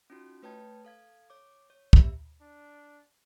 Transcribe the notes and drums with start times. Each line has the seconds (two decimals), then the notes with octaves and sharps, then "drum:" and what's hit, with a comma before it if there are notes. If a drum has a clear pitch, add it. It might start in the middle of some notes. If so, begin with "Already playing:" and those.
0.10 C#4 D#4 F4 F#4
0.43 A3 B4 C#5 G5 A5 G#6
0.85 A4 F5 G#6
1.30 C#5 D6
1.70 C#5
1.93 A#3 G4 E5, drum: kick
2.41 D4